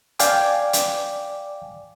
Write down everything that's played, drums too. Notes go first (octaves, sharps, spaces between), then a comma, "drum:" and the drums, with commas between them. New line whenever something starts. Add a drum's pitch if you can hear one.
D5 F5 G5 G#5 D6, drum: hi-hat
drum: hi-hat